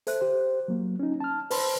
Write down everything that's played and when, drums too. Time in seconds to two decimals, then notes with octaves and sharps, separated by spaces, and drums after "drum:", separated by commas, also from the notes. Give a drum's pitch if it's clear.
0.07 A4 C5 E5 F#6, drum: hi-hat
0.21 G4 C5
0.68 F#3 A#3
0.99 C#4 D#4
1.20 A5 F6
1.51 B4 C5 A5 B5 C6, drum: open hi-hat